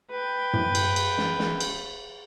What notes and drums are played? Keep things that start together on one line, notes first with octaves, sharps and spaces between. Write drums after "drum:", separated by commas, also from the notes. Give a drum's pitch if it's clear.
B4 G5
drum: tom
drum: cymbal
drum: cymbal
drum: snare
drum: snare
drum: cymbal